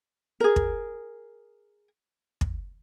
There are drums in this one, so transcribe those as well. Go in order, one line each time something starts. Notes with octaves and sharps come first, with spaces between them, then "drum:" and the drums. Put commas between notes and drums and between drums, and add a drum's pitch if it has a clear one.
G#4 A#4
drum: kick
drum: kick